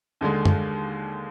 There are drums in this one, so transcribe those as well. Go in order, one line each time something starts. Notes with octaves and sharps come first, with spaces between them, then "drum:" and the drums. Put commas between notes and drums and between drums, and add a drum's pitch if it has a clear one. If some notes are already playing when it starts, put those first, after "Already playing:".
D#2 D3 G#3
drum: tom F#2